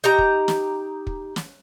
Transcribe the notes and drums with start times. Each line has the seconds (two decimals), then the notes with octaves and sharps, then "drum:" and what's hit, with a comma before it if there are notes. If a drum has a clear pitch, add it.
0.04 D#4 G4 A#5
0.18 drum: kick
0.48 drum: snare
1.07 drum: kick
1.36 drum: snare